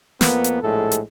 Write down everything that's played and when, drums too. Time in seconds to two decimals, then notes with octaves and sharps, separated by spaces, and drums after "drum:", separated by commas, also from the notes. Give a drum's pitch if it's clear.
0.21 F2 A#3 B3, drum: snare
0.44 drum: hi-hat
0.61 A#1 A2 G#3 A4
0.92 drum: hi-hat